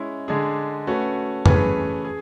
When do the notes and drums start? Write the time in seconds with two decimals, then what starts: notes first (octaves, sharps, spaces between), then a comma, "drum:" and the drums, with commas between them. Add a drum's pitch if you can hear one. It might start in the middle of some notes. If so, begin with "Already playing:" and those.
Already playing: G#3 C#4 E4
0.28 D3 G#3 D4 G#4
0.87 A3 C#4 F#4 B4
1.46 E3 A3 C#4 G#4 B4, drum: tom F2
2.05 G#4